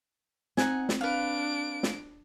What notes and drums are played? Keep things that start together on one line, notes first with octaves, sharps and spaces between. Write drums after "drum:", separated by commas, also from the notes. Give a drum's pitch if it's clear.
C4 D#4 F#5 G#5, drum: snare
drum: snare
D4 B4 F5 D7
drum: snare